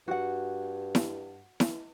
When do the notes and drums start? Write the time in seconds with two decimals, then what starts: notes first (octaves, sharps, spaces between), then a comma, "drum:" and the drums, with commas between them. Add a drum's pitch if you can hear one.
0.08 G2 F#4 F#5
0.95 drum: snare E4
1.60 drum: snare E4